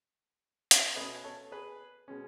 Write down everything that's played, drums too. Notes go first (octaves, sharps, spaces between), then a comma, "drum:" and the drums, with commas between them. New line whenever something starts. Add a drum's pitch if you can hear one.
drum: hi-hat
B2 A3 C#4 B4 D#5
A4 C#5
G#4 B4
B2 G#3 C#4